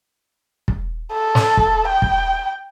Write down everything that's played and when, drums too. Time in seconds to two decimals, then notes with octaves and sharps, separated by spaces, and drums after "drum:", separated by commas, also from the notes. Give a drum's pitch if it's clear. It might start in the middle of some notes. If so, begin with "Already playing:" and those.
0.68 drum: kick
1.13 A4
1.35 drum: snare
1.57 drum: kick
1.88 G5
2.02 drum: kick